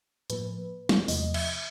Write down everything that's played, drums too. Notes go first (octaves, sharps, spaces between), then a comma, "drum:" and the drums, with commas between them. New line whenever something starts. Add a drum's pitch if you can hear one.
A2 F3 A#3 B4, drum: hi-hat
drum: snare
E2 C3 F3 A3 D#5, drum: open hi-hat
E5, drum: cymbal